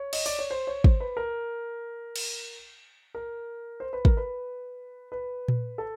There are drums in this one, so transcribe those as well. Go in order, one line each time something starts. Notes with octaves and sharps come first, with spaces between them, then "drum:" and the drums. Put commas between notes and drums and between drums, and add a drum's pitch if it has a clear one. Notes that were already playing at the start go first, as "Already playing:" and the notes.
Already playing: C#5
D#5, drum: cymbal
D5, drum: open hi-hat
C#5
C5
C#5
C5, drum: kick
B4
A#4
drum: cymbal
A#4
C5
B4
A#4, drum: kick
B4
B4
drum: tom A#2
A4